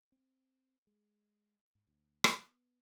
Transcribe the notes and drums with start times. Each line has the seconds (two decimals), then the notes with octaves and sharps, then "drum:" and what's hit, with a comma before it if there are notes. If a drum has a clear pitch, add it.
0.12 C4
0.87 G#3
1.75 G#2
1.87 D2
2.24 B3, drum: rim click